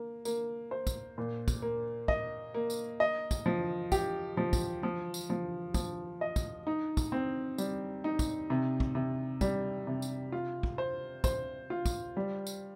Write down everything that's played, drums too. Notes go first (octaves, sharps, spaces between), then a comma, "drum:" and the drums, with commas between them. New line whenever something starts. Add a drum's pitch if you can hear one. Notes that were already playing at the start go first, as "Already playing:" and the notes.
Already playing: A#3
A#3, drum: tambourine
C5
drum: kick, tambourine
A#2
drum: kick, tambourine
A#3
D#5, drum: kick
A#3
drum: tambourine
D#5
drum: kick, tambourine
F3
G4, drum: kick, tambourine
F3
drum: kick, tambourine
F3
drum: tambourine
F3
F3, drum: kick, tambourine
D#5
drum: kick, tambourine
D#4
drum: kick, tambourine
C4
G3, drum: tambourine
D#4
drum: kick, tambourine
C3
drum: kick
C3
G3, drum: kick, tambourine
C3
drum: tambourine
F4
drum: kick
C5
C5, drum: kick, tambourine
F4
drum: kick, tambourine
G3
drum: tambourine